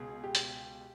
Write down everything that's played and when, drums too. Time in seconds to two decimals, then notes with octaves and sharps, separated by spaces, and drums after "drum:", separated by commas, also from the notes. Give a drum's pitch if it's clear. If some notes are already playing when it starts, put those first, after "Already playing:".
Already playing: C#2 B2 G#4
0.24 G4
0.35 drum: hi-hat